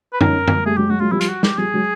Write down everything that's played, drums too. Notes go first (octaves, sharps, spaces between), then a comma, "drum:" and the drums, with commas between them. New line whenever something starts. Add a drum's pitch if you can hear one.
B4
C#4 D#4 A#4, drum: tom
drum: tom
G3 A3 G#4
F#3 G#3 G4
F#3 G#3 F#4
F#3 G#3 F4
F3 G3 E4
F4, drum: hi-hat
F#4
G4, drum: snare
F3 G3 G#4
F#3 G#3